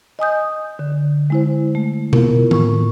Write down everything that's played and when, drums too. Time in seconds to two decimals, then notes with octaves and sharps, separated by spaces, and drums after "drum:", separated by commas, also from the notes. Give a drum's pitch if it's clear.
0.19 D#5 G#5 D#6 G6
0.79 D3
1.30 G#3 E4 C5
1.75 A3
2.13 A#3 B3 E4 F4 A#4, drum: tom B2
2.51 A2 C#6, drum: tom